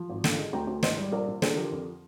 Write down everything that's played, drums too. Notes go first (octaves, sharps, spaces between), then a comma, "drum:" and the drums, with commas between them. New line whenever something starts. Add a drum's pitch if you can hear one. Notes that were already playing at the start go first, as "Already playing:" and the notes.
Already playing: F3
G#1
D3, drum: snare
G#3
D2 G5 A#5
D2
G#2 C5 D#5, drum: snare
G3
A#1 A#4 D5
A#1
D3 G#4 C5, drum: snare
F3 G4 A#4
F2